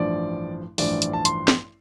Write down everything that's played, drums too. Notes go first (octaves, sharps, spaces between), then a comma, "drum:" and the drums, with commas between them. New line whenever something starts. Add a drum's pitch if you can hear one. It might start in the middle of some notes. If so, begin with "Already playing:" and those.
Already playing: A1 G2 F3 D5
A1 G2 F3 D5, drum: open hi-hat
drum: hi-hat
A5
C6, drum: hi-hat
drum: snare